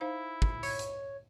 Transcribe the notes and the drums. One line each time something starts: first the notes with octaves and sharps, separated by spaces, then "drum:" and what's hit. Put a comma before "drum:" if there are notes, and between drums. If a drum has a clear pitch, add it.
D#4 E4 C5 F5
drum: kick
C#5, drum: open hi-hat
drum: hi-hat